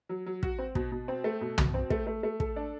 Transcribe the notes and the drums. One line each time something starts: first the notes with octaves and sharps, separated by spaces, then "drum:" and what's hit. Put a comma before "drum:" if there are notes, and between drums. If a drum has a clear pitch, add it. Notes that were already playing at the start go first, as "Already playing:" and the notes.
F#3
F#3
F#4, drum: kick
C4
B2, drum: kick
B2
C4
A3
B2
B2, drum: tom
C4
A3, drum: kick
A3
A3
A4, drum: kick
D4